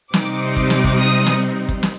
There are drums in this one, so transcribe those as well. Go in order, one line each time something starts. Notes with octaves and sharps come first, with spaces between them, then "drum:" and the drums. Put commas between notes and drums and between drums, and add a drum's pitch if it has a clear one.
C3 G3 C4 D#4 D6, drum: snare
D6, drum: kick
drum: snare
drum: kick
D#6
drum: snare
drum: kick
drum: snare